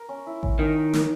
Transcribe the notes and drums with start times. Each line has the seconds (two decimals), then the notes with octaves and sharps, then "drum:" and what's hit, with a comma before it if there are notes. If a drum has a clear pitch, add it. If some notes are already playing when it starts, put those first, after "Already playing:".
Already playing: A#4
0.09 C#4
0.27 E4
0.43 C#4, drum: kick A1
0.59 D#3 D#5
0.76 D#4
0.93 A#4, drum: snare